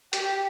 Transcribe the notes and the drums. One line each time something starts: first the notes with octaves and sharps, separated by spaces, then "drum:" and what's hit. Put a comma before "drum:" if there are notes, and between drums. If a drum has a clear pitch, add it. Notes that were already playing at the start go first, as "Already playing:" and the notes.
G4, drum: hi-hat